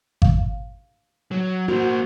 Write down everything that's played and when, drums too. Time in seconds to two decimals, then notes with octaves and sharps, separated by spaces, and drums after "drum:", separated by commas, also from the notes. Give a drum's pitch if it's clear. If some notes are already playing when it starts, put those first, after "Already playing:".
0.22 F5, drum: kick G#1
1.31 F#3
1.68 A#3 F#4 C5